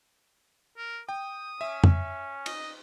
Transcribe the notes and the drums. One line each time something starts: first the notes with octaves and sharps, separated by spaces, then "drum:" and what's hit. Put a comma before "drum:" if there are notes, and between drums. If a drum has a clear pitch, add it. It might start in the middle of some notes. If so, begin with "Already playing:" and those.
A#4
G5 D#6
C#4 E5
drum: tom F2
D#5, drum: cymbal